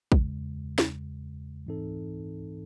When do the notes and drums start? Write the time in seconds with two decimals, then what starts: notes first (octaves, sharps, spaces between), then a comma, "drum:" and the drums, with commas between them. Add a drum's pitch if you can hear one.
0.12 E2 C#3 G#3, drum: kick
0.78 drum: snare
1.67 G#2 E3 C4 D#4 A4